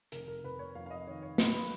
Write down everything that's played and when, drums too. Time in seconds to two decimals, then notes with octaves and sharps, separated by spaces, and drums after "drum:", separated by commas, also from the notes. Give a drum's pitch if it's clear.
0.12 F1 A#4, drum: hi-hat
0.28 A#4
0.44 F1 B4
0.59 C#5
0.75 F2 F5
0.86 F5
0.90 D#5
1.07 D#3 C#5
1.22 C#5
1.38 F#3 B4, drum: snare
1.54 B4